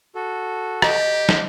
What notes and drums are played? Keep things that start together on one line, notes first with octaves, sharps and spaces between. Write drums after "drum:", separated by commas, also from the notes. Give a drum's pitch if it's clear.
F#4 A4
G4 D#5, drum: rim click
drum: snare